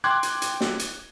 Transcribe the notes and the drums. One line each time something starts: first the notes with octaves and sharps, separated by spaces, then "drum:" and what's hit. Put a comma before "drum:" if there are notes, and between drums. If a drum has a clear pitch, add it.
G5 C6 D6 F#6 G#6
drum: hi-hat
drum: hi-hat
drum: snare
drum: hi-hat